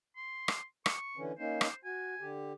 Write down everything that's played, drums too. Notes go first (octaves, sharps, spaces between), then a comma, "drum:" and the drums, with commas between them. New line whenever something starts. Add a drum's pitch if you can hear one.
C6
drum: rim click
C#6, drum: rim click
D3 E3 C#4
A#3 C#4 D#4 C5
drum: rim click
F#4 G#5
D3 G4